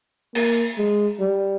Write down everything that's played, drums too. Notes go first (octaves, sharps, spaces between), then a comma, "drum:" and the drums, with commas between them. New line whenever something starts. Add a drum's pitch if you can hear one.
A#3, drum: cymbal
G#3
G3